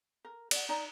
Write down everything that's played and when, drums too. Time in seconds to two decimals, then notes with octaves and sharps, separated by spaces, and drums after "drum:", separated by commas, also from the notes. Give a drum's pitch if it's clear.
0.25 A#4
0.51 D5 F#5, drum: cymbal
0.69 D#4 D5 A#5